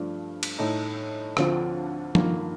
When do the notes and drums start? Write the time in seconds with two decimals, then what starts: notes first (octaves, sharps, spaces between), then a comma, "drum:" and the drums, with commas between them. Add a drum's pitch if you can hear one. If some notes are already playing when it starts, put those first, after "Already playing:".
Already playing: G2 F3 A3 D4
0.43 drum: cymbal
0.59 A2 A3 D#4
1.37 D2 D3 F3 C4 F4, drum: rim click
2.15 G2 D#3 A#3 F4, drum: tom F3